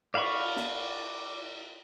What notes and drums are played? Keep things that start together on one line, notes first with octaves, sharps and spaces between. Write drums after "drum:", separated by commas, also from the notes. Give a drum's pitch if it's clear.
D5 F5 F#5 B5 C#6, drum: cymbal
drum: snare